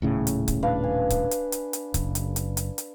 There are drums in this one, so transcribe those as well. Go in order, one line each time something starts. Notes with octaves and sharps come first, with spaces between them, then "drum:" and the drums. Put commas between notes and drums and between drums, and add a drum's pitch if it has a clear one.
D#1 A2 C#3
drum: hi-hat
drum: kick C#1, hi-hat
D4 B4 F5
G#5
drum: kick C#1, hi-hat
drum: hi-hat
drum: hi-hat
drum: hi-hat
F#1, drum: kick C#1, hi-hat
drum: hi-hat
drum: hi-hat
drum: hi-hat
drum: hi-hat